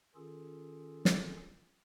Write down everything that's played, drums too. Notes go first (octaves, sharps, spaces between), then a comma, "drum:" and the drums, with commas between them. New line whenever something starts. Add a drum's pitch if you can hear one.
D#3 C#4 F4 G#4 A4
drum: snare